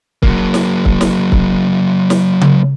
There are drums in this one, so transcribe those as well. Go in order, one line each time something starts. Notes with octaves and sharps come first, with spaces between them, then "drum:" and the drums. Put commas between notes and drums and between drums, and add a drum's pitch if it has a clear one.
F#3 A#3, drum: kick
drum: snare
drum: kick
drum: snare
drum: kick
drum: snare
drum: tom C#3